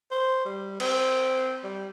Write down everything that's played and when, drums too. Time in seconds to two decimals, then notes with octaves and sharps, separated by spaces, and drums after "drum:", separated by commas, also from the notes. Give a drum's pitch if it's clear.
0.11 C5
0.45 G3
0.80 C4, drum: cymbal
1.64 G3